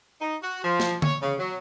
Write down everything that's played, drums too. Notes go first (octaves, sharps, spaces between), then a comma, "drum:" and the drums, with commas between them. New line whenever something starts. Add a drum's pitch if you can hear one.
D#4
F#4
F3
drum: snare
C#5, drum: tom D3
C#3
F#3